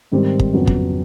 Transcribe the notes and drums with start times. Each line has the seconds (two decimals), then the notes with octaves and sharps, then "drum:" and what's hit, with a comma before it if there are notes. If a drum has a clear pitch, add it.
0.12 G#2 D#3 G3 C4
0.39 drum: kick
0.53 F2 C#3 F#3 B3
0.67 drum: kick